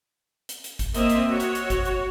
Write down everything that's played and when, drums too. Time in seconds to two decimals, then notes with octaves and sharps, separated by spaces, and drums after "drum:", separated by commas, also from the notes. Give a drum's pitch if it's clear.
0.49 drum: hi-hat
0.64 drum: hi-hat
0.79 drum: kick G1, hi-hat
0.94 A#3 C4 D#5 E5, drum: hi-hat
1.10 drum: hi-hat
1.30 F#4 C#5
1.40 drum: hi-hat
1.55 drum: hi-hat
1.70 drum: kick G1, hi-hat
1.85 drum: hi-hat